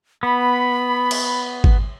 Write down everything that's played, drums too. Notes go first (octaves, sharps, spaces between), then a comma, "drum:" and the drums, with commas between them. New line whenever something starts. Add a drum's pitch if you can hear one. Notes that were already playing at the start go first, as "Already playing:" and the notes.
B3 B5
drum: cymbal
drum: kick G#1